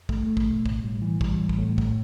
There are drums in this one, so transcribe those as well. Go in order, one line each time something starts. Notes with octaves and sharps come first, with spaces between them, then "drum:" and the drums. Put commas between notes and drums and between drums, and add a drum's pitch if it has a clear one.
A3, drum: kick
A3
drum: kick
B2
A2, drum: kick
G3
E3
G3, drum: kick
A2
drum: kick
A2
A2, drum: kick